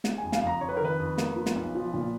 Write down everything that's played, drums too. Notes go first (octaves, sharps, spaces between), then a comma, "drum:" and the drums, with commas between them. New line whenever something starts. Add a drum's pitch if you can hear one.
G#3, drum: snare
F2 G#5
F5, drum: snare
F2 A#5
F2 C#5
B4
A#4
D#3 B4
F2
A#3, drum: snare
F3
drum: snare
B1
F3
A#2